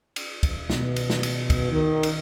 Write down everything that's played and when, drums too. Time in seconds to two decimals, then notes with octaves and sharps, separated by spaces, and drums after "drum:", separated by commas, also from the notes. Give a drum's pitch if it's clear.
0.16 drum: cymbal
0.43 drum: kick, cymbal
0.70 B2, drum: snare
0.96 drum: cymbal
1.10 drum: snare
1.23 drum: cymbal
1.50 drum: kick, cymbal
1.71 D#3
2.03 drum: cymbal